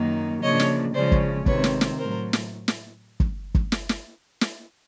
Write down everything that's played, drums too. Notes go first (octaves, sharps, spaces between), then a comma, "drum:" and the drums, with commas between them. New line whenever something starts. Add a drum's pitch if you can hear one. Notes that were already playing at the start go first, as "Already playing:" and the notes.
Already playing: F#2 D#3 F#3 A#3 D#4
C#3 F3 A#3 D4 C#5 D#5
drum: snare
C#3 F3 G#3 C#4 C5 D5
drum: kick
C3 D#3 G#3 C4 B4 C#5, drum: kick
drum: snare
drum: snare
A2 F#3 A3 A#4 C5
drum: snare
drum: snare
drum: kick
drum: kick
drum: snare
drum: snare
drum: snare